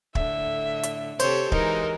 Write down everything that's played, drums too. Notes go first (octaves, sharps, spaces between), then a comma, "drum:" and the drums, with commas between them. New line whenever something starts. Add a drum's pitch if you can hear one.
A2 D3 E5, drum: kick
drum: hi-hat
C3 G4 A4 C5 C#5, drum: hi-hat
E3 G#3 D#4 G4 A#4, drum: kick